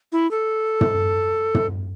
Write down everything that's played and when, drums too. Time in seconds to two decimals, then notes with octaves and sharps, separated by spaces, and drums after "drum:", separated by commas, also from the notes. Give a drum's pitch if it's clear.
0.12 E4
0.31 A4
0.81 drum: tom
1.55 drum: tom